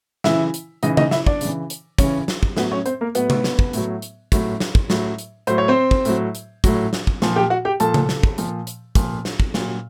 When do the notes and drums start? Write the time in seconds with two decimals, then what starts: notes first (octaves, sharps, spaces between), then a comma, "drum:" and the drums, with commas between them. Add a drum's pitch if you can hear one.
0.24 C#3 E3 E4 E5, drum: snare
0.54 drum: hi-hat
0.83 C#3 E3 D#4 D#5, drum: hi-hat
0.97 D#4 D#5, drum: tom C#3
1.11 E4 E5, drum: snare
1.26 D4 D5, drum: kick
1.41 C#3 E3, drum: hi-hat
1.70 drum: hi-hat
1.98 C#3 E3 C#4 C#5, drum: kick, hi-hat
2.28 drum: snare
2.43 drum: kick
2.57 A2 F#3 B3 B4, drum: snare
2.71 C#4 C#5
2.86 C4 C5, drum: hi-hat
3.01 A#3 A#4
3.15 A2 F#3 B3 B4, drum: hi-hat
3.30 drum: tom C3
3.44 drum: snare
3.59 drum: kick
3.73 A2 F#3, drum: hi-hat
4.02 drum: hi-hat
4.32 A2 F#3, drum: kick, hi-hat
4.60 drum: snare
4.75 drum: kick
4.90 A2 F#3, drum: snare
5.19 drum: hi-hat
5.47 A2 F#3 C5, drum: hi-hat
5.58 C#5
5.68 C4 C5
5.91 drum: kick
6.05 A2 F#3, drum: hi-hat
6.35 drum: hi-hat
6.64 A2 F#3, drum: kick, hi-hat
6.93 drum: snare
7.07 drum: kick
7.22 A#2 F3, drum: snare
7.36 G4 G5
7.50 F#4 F#5
7.65 G4 G5
7.80 A#2 F3 A4 A5, drum: hi-hat
7.94 drum: tom C#3
8.09 drum: snare
8.23 drum: kick
8.38 A#2 F3, drum: hi-hat
8.67 drum: hi-hat
8.95 A#2 F3, drum: kick, hi-hat
9.25 drum: snare
9.40 drum: kick
9.54 A#2 F#3, drum: snare